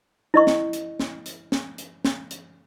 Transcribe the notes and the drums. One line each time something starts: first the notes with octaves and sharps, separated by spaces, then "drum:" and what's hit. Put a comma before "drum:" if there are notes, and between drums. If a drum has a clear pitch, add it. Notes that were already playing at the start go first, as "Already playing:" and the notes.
E4 D#5 C#6
drum: snare
drum: hi-hat
drum: snare
drum: hi-hat
drum: snare
drum: hi-hat
drum: snare
drum: hi-hat